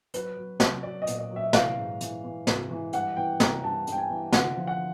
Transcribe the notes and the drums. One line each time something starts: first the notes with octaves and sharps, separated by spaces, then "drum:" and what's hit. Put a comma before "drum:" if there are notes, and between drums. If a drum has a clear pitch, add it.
F#3 B4, drum: hi-hat
F#3
F#3, drum: snare
F#3 D5
D#5
A#2, drum: hi-hat
D#5
F#3
E5
E3 F5, drum: snare
G#2
E3, drum: hi-hat
E3
G#2, drum: snare
E3
G2 F#5, drum: hi-hat
E3 G5
G2 A#5, drum: snare
G2 A5
G2, drum: hi-hat
G5
G#5
E3
D3 F#5, drum: snare
F3
F#5